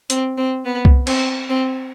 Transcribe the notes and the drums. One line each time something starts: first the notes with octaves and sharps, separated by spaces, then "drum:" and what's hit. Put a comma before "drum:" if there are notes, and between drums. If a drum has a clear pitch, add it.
C4, drum: hi-hat
C4
B3
drum: kick C2
C4, drum: cymbal
C4